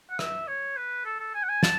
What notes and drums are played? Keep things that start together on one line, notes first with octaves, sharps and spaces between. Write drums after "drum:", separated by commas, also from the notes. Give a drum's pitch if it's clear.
F#5
E5, drum: rim click
C#5
B4
A4
A4
G#5
F#5
G#5
A5, drum: snare